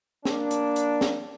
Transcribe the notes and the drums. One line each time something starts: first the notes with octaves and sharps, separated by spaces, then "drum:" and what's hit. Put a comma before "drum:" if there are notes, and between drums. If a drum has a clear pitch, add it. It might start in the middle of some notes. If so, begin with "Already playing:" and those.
A#3 D4, drum: snare
drum: hi-hat
drum: hi-hat
drum: snare